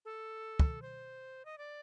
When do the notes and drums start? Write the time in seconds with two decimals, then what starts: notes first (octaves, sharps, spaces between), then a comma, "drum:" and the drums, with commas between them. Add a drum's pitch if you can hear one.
0.05 A4
0.60 drum: kick
0.82 C5
1.45 D#5
1.58 D5